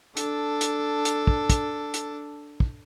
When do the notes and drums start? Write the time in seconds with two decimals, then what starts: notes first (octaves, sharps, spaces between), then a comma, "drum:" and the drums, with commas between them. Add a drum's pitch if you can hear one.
0.17 D4 A4, drum: hi-hat
0.61 drum: hi-hat
1.05 drum: hi-hat
1.27 drum: kick
1.50 drum: kick, hi-hat
1.94 drum: hi-hat
2.60 drum: kick